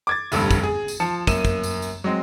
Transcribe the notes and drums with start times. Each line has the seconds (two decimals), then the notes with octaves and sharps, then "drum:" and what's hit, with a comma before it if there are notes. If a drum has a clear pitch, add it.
0.07 D6 G#6 A6
0.32 F1 D2 G2 E6, drum: tambourine
0.51 drum: kick, tambourine
0.63 G#4
0.88 drum: tambourine
1.00 F3 A5 C#7
1.27 F#2 A#3 D#7 E7, drum: kick, tambourine
1.45 drum: kick, tambourine
1.63 drum: tambourine
1.82 drum: tambourine
2.04 F#3 G#3 C4